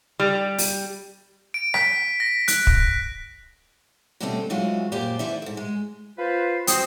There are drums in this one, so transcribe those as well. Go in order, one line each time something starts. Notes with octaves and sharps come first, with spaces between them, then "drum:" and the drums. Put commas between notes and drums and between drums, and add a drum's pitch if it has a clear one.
G3
drum: open hi-hat
D7
B6, drum: rim click
A#6
F#6, drum: hi-hat
drum: kick
B2 D3 G3 A3 C4 C#4
G#2 E3 F#3 G#3 F4 F#4
F#2 A#2 G4 C5 D5 G#5
D2 E3 B3 C5 D5 E5
D2 G#2
G#3
F4 B4 C5
C4 F#4 C5 D#6, drum: hi-hat